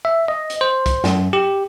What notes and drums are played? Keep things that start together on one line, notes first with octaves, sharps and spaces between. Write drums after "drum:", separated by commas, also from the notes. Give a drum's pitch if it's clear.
E5
D#5
drum: hi-hat
C5
drum: kick, hi-hat
F#2, drum: snare
G4